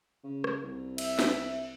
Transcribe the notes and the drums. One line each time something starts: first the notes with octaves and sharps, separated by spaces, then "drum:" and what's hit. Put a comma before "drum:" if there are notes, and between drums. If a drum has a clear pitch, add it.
C#3
drum: rim click
C2
E5, drum: cymbal
drum: snare